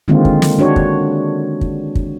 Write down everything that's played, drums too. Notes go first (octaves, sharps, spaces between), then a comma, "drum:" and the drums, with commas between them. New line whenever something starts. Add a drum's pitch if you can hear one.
D3 D#3 G#3 A#3 C4 F4
drum: kick
drum: snare
D4 F#4 C#5
drum: kick
drum: kick
drum: kick